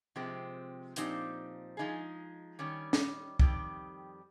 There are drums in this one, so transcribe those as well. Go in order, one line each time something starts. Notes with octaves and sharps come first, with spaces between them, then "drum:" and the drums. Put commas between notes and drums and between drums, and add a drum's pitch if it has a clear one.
C3 F3 G#3 C4
A#2 F3 C4 D#4 G4, drum: hi-hat
F3 G#3 D#4 G#4
D#3 G3 C#4
drum: snare
F2 D#3 G3 G4, drum: kick